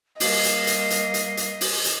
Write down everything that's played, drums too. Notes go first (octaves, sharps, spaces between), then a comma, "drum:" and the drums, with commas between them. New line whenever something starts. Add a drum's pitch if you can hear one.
G3 A#3 D#5 C7, drum: open hi-hat
drum: hi-hat
drum: hi-hat
drum: hi-hat
drum: hi-hat
drum: hi-hat
drum: open hi-hat
drum: hi-hat